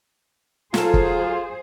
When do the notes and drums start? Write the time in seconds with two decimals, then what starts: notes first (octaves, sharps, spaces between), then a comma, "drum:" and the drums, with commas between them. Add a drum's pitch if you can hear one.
0.74 F#3 F4 G#4 A4 C5, drum: snare
0.94 drum: kick